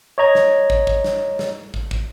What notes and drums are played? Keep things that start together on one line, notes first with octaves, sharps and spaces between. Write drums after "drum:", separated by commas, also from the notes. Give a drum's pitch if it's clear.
C#5 D#5 A#5 G#6
drum: snare
drum: kick
drum: kick
drum: snare
drum: snare
drum: kick
drum: kick